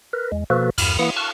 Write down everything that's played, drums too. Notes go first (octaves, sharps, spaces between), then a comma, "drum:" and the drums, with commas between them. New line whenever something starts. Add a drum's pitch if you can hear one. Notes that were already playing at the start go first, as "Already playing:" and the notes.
A#4 B4
E2 G#3
B2 F3 A#3 F#4 A4 B4
E2 G2 B5 F6, drum: cymbal
E3 A#3 E4 F#5 D#6
A5 C#6 F6 F#6